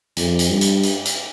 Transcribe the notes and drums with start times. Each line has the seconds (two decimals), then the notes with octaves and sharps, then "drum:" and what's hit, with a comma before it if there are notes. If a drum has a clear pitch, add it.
0.17 F2, drum: hi-hat
0.39 drum: hi-hat
0.50 G2
0.61 drum: hi-hat
0.83 drum: hi-hat
1.05 drum: hi-hat